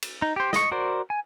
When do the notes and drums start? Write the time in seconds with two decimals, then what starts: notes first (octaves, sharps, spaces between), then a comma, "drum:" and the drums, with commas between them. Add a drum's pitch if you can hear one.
0.02 drum: cymbal
0.22 D#4
0.36 G4 C5
0.53 D#5 C#6, drum: snare
0.72 F#4 A#4 C5 D5
1.10 G#5